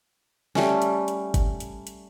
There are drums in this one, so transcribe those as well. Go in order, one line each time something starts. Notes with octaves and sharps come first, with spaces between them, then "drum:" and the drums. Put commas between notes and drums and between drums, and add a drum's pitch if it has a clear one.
G3 A3 C#4, drum: snare
drum: hi-hat
drum: hi-hat
drum: kick G1, hi-hat
drum: hi-hat
drum: hi-hat